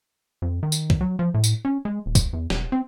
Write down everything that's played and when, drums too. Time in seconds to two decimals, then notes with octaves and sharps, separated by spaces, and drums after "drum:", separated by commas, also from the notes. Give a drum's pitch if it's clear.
0.42 F2
0.63 D#3
0.72 drum: tambourine
0.90 drum: kick C2
1.01 F#3
1.19 F3
1.34 A2
1.44 drum: tambourine
1.65 C#4
1.85 G#3
2.06 D#1
2.15 drum: kick C2, tambourine
2.33 E2
2.50 E1, drum: snare
2.72 C4